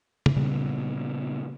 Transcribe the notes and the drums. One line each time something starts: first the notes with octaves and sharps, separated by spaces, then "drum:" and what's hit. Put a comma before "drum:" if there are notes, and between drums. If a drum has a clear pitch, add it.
drum: tom C#3
A#2 C#3 G3 B3